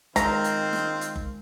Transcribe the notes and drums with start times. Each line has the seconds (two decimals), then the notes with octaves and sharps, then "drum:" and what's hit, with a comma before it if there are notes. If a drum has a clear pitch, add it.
0.16 D#3 G#3 C4 F4 C5 A#5, drum: kick F#1, hi-hat
0.44 drum: hi-hat
0.73 drum: snare
1.01 drum: hi-hat
1.16 drum: kick F#1